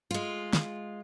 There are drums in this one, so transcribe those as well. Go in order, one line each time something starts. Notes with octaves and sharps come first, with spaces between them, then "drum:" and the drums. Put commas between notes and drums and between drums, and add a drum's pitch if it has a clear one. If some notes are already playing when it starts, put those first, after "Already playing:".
G#3 F4
drum: snare